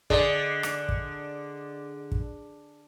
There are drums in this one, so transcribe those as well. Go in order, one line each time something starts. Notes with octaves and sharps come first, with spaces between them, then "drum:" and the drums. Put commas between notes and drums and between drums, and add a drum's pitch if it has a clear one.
D3 G#4 D5 D#5, drum: kick
drum: rim click
drum: kick
drum: kick